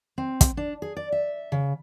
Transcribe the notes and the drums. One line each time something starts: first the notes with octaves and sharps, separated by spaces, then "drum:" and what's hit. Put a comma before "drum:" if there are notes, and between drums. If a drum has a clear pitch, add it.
C4
drum: kick, hi-hat
D4
G#4
D5
E5
C#3